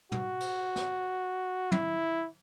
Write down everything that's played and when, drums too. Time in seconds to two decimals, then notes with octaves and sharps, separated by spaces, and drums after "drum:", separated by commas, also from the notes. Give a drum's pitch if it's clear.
0.12 F#4, drum: tom
0.40 drum: cymbal
0.76 drum: snare
1.72 E4, drum: tom